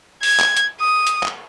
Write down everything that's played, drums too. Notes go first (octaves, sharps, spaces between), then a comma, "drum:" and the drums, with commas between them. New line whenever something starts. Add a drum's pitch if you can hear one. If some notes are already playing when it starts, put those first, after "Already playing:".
G#6, drum: open hi-hat
drum: clap
drum: hi-hat
D#6
drum: hi-hat
drum: clap